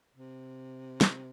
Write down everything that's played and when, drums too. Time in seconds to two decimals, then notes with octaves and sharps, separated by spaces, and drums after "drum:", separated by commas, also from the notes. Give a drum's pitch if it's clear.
0.14 C3
1.01 drum: snare